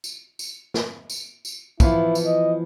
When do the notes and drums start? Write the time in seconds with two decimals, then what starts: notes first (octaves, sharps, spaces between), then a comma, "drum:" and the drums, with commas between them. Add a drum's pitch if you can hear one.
0.04 drum: tambourine
0.39 drum: tambourine
0.74 drum: snare
1.10 drum: tambourine
1.45 drum: tambourine
1.80 E3 F3 B3 E4, drum: kick, tambourine
2.15 drum: tambourine
2.26 D#5